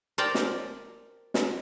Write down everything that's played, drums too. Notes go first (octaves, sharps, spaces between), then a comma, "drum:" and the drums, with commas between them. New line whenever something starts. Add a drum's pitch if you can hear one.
A#4 C5 D5 G5 A5
drum: snare
drum: snare